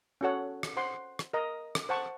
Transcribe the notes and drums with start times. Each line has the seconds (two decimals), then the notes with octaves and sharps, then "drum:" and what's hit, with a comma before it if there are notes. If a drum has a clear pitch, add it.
0.21 C#4 F#4 A4 C#5 F#5
0.63 drum: rim click
0.77 C5 F#5 C6
1.19 drum: rim click
1.33 A#4 D#5 A#5
1.75 drum: rim click
1.89 C5 F#5 A5 C#6